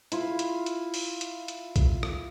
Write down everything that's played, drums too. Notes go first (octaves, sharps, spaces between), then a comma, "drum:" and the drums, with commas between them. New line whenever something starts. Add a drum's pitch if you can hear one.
E4 F4, drum: hi-hat
drum: hi-hat
drum: hi-hat
drum: open hi-hat
drum: hi-hat
drum: hi-hat
drum: kick B1, hi-hat
drum: rim click